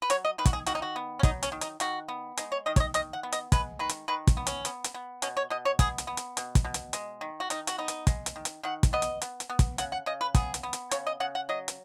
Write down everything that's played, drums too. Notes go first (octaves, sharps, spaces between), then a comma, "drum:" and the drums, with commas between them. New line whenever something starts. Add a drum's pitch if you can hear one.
B4
F#3 C#5, drum: hi-hat
D#5
D#3 B4
F#4, drum: kick, hi-hat
G#4
D#3 F#4, drum: hi-hat
D#4
F#4
B3
C#4
F#3 D#4, drum: kick, hi-hat
C#4, drum: hi-hat
D#3
D#4, drum: hi-hat
D#3 F#4, drum: hi-hat
B3
G#3 D#4, drum: hi-hat
C#5
D#3 D#5
C#5, drum: kick, hi-hat
D#5
D#3 D#5, drum: hi-hat
F#5
B3
D#5, drum: hi-hat
G#3 B4, drum: kick, hi-hat
D#3 B4
drum: hi-hat
D#3 B4
drum: kick, hi-hat
B3
C#4, drum: hi-hat
B3, drum: hi-hat
drum: hi-hat
B3
B2 C#4, drum: hi-hat
C#5
B2 D#5
C#5
B3 G#4, drum: kick, hi-hat
drum: hi-hat
B3
drum: hi-hat
B2, drum: hi-hat
drum: kick, hi-hat
B2
drum: hi-hat
G#3, drum: hi-hat
D#3
F#4
D#3 D#4, drum: hi-hat
F#4, drum: hi-hat
B3 D#4
drum: hi-hat
G#3, drum: kick, hi-hat
drum: hi-hat
D#3
drum: hi-hat
D#3 F#5
drum: kick, hi-hat
B3 D#5
drum: hi-hat
B3, drum: hi-hat
drum: hi-hat
B3
drum: kick, hi-hat
C#3 F#5, drum: hi-hat
F#5
C#3 D#5
B4
B3 G#4, drum: kick, hi-hat
drum: hi-hat
B3
drum: hi-hat
C#3 C#5, drum: hi-hat
D#5
C#3 F#5
F#5
F#3 D#5
drum: hi-hat